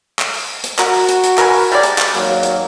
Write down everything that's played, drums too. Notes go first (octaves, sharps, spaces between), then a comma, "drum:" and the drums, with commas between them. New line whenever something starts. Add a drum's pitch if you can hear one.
drum: clap
drum: open hi-hat
drum: hi-hat
F#4 A#4, drum: clap
drum: open hi-hat
drum: hi-hat
drum: hi-hat
A#4 B4 G#5, drum: clap
drum: open hi-hat
G3 G#3 D5
drum: hi-hat
drum: clap
G#1 F#3 A#3, drum: open hi-hat
drum: hi-hat